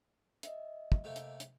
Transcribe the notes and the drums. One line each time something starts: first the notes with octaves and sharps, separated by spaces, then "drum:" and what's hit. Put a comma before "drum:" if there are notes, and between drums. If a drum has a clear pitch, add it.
D#5 E5, drum: hi-hat
drum: kick
C3 A3 A#3
drum: hi-hat
drum: hi-hat